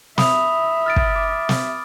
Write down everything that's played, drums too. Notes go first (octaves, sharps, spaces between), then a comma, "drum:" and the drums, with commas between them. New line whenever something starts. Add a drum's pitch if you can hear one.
E5 B5 D#6 F7, drum: snare
F6 A6 D7
drum: kick
D6
drum: snare